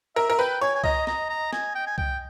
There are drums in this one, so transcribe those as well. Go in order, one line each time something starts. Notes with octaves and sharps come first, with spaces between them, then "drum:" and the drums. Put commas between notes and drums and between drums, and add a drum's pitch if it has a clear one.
A#4 E5
A#4
B4 G5
C#5 G#5
G#5
D#5 A#5, drum: kick C2
A#5, drum: snare
A#5
G#5, drum: snare
G5
G#5
G5, drum: kick C2